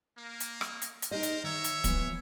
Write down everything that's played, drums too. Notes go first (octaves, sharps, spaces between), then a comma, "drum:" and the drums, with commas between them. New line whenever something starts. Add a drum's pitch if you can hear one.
A#3
drum: hi-hat
drum: rim click
drum: hi-hat
drum: hi-hat
D#4 G#4 A#4 C5 D#5
drum: hi-hat
D#3 C#5 E5
drum: hi-hat
E3 F3 B3, drum: kick, hi-hat